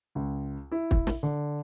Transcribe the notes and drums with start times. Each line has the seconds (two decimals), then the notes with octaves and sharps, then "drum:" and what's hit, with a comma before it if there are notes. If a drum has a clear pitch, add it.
0.15 C#2
0.72 E4
0.91 drum: kick
1.07 drum: snare
1.23 D3